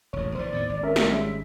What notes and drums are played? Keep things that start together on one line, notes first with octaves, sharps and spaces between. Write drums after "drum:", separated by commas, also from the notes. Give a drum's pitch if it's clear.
E1 A1 C#5
A#1 E3 C5 D5
D#2 A2 B3
G#1
C#4 A#4 E5
drum: snare
G3 G#3 C#4